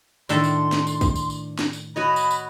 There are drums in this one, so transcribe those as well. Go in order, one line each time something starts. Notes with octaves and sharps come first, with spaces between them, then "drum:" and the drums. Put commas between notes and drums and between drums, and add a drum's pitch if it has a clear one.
A2 D#3 D4 A4 C6, drum: tambourine
drum: tambourine
drum: snare
drum: tambourine
drum: kick, tambourine
drum: tambourine
drum: tambourine
drum: snare
drum: tambourine
F#4 C#5 D#5 B5
drum: tambourine
drum: tambourine